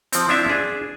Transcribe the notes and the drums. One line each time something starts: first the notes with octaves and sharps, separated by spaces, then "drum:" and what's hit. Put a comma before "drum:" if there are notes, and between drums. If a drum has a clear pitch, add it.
F3 C4, drum: hi-hat
C4 D4 E4 F4 E5
D4 G#4